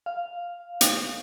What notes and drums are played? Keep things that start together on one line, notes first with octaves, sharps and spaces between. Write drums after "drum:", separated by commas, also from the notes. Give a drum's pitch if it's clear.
F5
drum: hi-hat